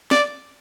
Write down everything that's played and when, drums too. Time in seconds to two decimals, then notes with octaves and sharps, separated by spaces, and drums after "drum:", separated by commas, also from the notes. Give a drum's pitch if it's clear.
0.11 D5, drum: snare